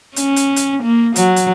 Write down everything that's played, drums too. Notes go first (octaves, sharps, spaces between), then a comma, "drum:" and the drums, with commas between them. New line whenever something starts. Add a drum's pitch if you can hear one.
C#4, drum: hi-hat
drum: hi-hat
drum: hi-hat
A#3
F#3, drum: hi-hat
drum: hi-hat